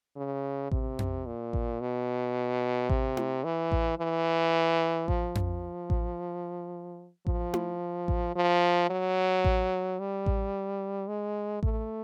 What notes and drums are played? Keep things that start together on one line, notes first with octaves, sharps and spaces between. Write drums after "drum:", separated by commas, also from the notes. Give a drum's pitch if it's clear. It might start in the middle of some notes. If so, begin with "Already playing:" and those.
C#3
C3, drum: kick A1
drum: tom F2
A#2
drum: kick A1
B2
C3, drum: kick A1
drum: tom E4
E3
drum: kick A1
E3
F3, drum: kick A1
drum: tom F2
drum: kick A1
F3, drum: kick A1
drum: tom E4
drum: kick A1
F3
F#3
drum: kick A1
G3
drum: kick A1
G#3
A3, drum: kick A1